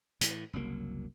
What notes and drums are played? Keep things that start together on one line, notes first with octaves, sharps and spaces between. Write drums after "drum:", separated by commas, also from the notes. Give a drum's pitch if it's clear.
A2 E3, drum: hi-hat
F#1 C2 F#3 A#3